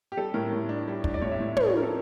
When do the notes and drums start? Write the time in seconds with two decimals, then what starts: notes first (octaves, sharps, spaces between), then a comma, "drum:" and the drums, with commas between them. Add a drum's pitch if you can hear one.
0.12 G4
0.17 G3 A4
0.34 A2 A#4
0.53 A2
0.69 D4
0.88 G3
1.04 D4, drum: kick
1.14 D5
1.21 A2 C#5
1.31 E5
1.40 A2
1.57 C#4 C#5, drum: tom
1.66 D5
1.74 F3 A#4
1.83 A4